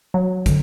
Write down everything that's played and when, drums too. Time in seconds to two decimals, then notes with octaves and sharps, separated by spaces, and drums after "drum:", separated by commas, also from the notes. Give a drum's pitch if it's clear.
0.14 F#3
0.46 D3, drum: kick, hi-hat